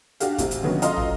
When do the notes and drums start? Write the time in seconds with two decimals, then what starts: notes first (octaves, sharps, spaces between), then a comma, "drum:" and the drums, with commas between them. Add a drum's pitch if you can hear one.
0.20 D4 F#4 G4 F5, drum: hi-hat
0.38 A1 C3, drum: kick, hi-hat
0.51 drum: hi-hat
0.63 D3 D#3 F#3 B3 C#4
0.82 F4 A4 D#5 F5 A#5 C6, drum: hi-hat
0.97 drum: tom